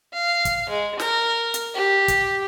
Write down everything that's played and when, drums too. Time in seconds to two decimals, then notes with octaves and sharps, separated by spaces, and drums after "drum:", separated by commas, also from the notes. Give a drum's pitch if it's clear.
0.13 F5
0.45 drum: kick, hi-hat
0.69 G#3
1.00 A#4, drum: snare
1.54 drum: hi-hat
1.75 G4
2.08 drum: kick, hi-hat